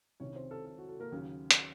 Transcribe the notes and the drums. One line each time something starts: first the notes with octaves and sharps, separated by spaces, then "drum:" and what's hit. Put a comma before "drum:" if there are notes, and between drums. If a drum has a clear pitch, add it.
C2 C3 D#3 C#4 C#5
C4 C5
A4
A4
F#4
A4
A#3 A#4
D#2 C#3 F#3
drum: hi-hat